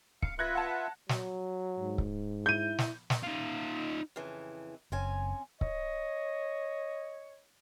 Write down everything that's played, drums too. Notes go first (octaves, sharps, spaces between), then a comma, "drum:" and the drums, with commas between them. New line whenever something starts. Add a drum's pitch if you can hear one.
F5 C#7, drum: kick C#1
F4 B4 E5 F#6 G#6 A#6
F#5 A5
F#3, drum: snare
G#2
drum: kick C#1
E4 G6 D#7
drum: snare
drum: snare
D#4 F4
F2 C#3 E3
F#1 C4 C#4 G#5
C#5 D#5, drum: kick C#1